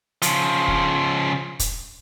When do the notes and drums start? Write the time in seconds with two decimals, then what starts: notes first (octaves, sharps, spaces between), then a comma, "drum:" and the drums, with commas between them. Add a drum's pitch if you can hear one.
0.22 C#3 F3, drum: hi-hat
0.68 drum: kick
1.59 drum: kick, hi-hat